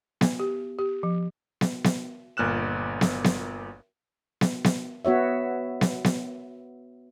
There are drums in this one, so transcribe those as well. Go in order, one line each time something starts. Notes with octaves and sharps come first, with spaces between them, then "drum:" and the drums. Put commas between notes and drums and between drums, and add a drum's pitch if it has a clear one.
B3, drum: snare B3
G4
G4
F3
drum: snare B3
drum: snare B3
G1 A#2 F6 F#6 E7
drum: snare B3
drum: snare B3
drum: snare B3
drum: snare B3
B3 F#4 C#5 E5
drum: snare B3
drum: snare B3